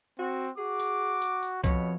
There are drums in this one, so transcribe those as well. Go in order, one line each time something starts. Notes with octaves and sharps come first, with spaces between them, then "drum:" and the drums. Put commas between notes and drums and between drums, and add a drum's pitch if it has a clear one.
C4 F#4
F#4 G#4 D6
drum: tambourine
drum: tambourine
drum: tambourine
F2 B2 C#5, drum: kick C2, tambourine